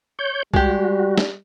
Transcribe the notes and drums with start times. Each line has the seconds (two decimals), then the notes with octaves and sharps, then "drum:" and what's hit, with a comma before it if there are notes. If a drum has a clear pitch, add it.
0.19 C#5 G6
0.54 G3 G#3 F#4 G4, drum: kick C2
1.18 drum: snare